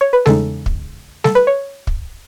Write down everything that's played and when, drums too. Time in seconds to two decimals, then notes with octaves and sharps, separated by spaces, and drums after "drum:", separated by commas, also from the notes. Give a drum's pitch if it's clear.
0.01 C#5
0.13 B4
0.26 E2 C#3 G#3 D#4 A4, drum: snare G3
0.66 drum: kick
1.24 A4, drum: snare G3
1.35 B4
1.47 C#5
1.87 drum: kick